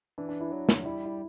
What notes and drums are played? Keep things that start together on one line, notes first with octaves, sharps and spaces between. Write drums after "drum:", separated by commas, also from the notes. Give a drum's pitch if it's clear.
E3 D4
D4
E4
F#3
drum: snare
G3 E4
E4